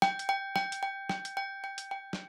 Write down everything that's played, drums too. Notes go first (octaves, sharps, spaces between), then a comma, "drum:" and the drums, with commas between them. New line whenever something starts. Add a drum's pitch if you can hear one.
G5, drum: snare
drum: hi-hat
G5
G5, drum: snare
drum: hi-hat
G5
G5, drum: snare
drum: hi-hat
G5
G5
drum: hi-hat
G5
drum: snare